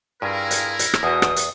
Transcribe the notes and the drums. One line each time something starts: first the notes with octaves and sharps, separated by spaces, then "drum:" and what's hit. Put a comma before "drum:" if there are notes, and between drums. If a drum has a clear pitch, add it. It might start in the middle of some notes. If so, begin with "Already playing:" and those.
G2 G3 E4 F4 G#4 A#4
drum: hi-hat
drum: hi-hat
drum: rim click
E2 B2 D#6
drum: rim click
drum: hi-hat